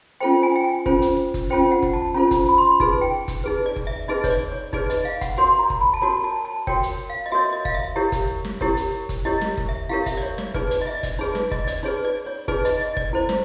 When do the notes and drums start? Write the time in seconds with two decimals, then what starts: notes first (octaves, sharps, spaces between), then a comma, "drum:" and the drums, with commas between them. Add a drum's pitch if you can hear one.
0.20 C#4 F4 A4 C5 G5
0.43 G#5
0.56 G5
0.64 G#5
0.86 C#4 F4 A4 C5, drum: kick F#1
1.02 drum: hi-hat
1.34 drum: kick F#1, hi-hat
1.50 C#4 F4 A4 C5 G5
1.72 F#5
1.83 drum: kick F#1
1.93 A5
2.14 C#4 F4 A4 C5 A#5
2.31 drum: kick F#1, hi-hat
2.49 B5
2.58 C6
2.80 D#4 G#4 B4, drum: kick F#1
3.01 G5
3.28 drum: kick F#1, hi-hat
3.44 D#4 G#4 B4
3.66 D5
3.76 drum: kick F#1
3.87 E5
4.08 D#4 G#4 B4 D#5
4.24 C#5, drum: kick F#1, hi-hat
4.30 D5
4.52 C#5
4.73 D#4 G#4 B4 D5, drum: kick F#1
4.90 D#5, drum: hi-hat
5.05 F5
5.21 F#5, drum: kick F#1, hi-hat
5.38 F#4 A#4 C#5 C6
5.59 A#5
5.70 drum: kick F#1
5.81 B5
5.94 A5
6.02 F#4 A#4 C#5 A#5
6.24 A5
6.45 A5
6.67 F#4 A#4 C#5 G5, drum: kick F#1
6.83 drum: hi-hat
7.10 F5
7.26 D#5
7.32 F#4 A#4 C#5 E5
7.53 D#5
7.65 F5, drum: kick F#1
7.74 E5
7.96 E4 G4 A#4 C#5
8.12 drum: kick F#1, hi-hat
8.45 drum: snare
8.61 E4 G4 A#4 C#5, drum: kick F#1
8.77 drum: hi-hat
9.09 drum: kick F#1, hi-hat
9.25 E4 G4 A#4 C#5 D#5
9.41 drum: snare
9.58 drum: kick F#1
9.69 E5
9.89 E4 G4 A#4 C#5 F5
10.06 E5, drum: kick F#1, hi-hat
10.17 D5
10.22 C#5
10.38 D5, drum: snare
10.54 D#4 G#4 B4 D5, drum: kick F#1
10.71 D5, drum: hi-hat
10.81 D#5
10.87 E5
11.03 D5, drum: kick F#1, hi-hat
11.19 D#4 G#4 B4 C#5
11.35 D5, drum: snare
11.51 D#5, drum: kick F#1
11.68 D5, drum: hi-hat
11.83 D#4 G#4 B4 C#5
12.05 D5
12.26 C#5
12.48 D#4 G#4 B4 D5, drum: kick F#1
12.65 D#5, drum: hi-hat
12.81 D#5
12.97 D5, drum: kick F#1
13.13 E4 A4 C5
13.29 drum: snare